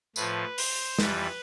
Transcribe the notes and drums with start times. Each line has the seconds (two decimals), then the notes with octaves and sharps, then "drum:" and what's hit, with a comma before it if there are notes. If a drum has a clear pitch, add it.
0.16 A2 F3 B4, drum: tambourine
0.58 C5, drum: open hi-hat
0.99 F2 E3 G3 B4, drum: snare